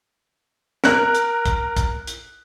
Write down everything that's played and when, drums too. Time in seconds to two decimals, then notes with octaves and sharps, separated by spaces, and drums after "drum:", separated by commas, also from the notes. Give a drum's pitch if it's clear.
0.84 A#4 F#6, drum: snare
1.15 drum: hi-hat
1.46 drum: kick, hi-hat
1.77 drum: kick, hi-hat
2.07 drum: hi-hat